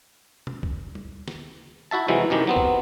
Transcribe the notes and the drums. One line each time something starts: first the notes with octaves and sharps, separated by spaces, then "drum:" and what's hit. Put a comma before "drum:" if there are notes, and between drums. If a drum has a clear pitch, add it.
drum: tom B2
drum: kick
drum: tom G3
drum: snare
E4 F#4 E5 A5
F2 C3 E3 F#3 G#3 E4
F#2 C3 D#3 G4
F#3 B3 C4
drum: kick